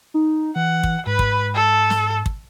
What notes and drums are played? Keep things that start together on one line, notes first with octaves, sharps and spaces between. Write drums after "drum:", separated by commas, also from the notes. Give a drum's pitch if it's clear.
D#4
E3 F#5
drum: kick
G#2 B4
drum: kick
A4
drum: snare
drum: kick